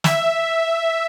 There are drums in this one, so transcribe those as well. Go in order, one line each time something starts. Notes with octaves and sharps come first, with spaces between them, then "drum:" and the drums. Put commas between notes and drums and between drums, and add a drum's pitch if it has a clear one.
E5, drum: snare